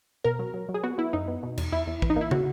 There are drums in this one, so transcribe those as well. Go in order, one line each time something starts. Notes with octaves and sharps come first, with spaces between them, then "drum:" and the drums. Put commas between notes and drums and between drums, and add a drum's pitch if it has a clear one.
B2 A#4
F#3
F#3
F#3
G#4
B3 F#4
B3 E4
F#2 D#4
B3
B2
E2, drum: cymbal
E2 E4
E2
E3, drum: kick
D#4
A#3
E4
C#3 F#4, drum: tom